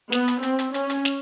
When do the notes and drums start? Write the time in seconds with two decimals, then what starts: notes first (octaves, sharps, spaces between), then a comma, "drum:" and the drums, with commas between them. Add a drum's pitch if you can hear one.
0.12 B3, drum: snare
0.28 drum: hi-hat
0.43 C4, drum: hi-hat
0.59 drum: hi-hat
0.74 C#4, drum: hi-hat
0.90 drum: hi-hat
1.05 drum: snare